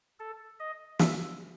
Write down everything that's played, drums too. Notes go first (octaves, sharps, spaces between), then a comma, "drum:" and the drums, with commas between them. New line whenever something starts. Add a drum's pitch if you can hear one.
A4
D#5
E5, drum: snare